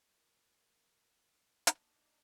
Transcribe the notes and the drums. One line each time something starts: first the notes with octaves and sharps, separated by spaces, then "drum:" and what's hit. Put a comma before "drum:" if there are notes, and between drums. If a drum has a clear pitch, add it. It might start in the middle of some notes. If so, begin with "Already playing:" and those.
A#2
A#3 D4 D#4, drum: hi-hat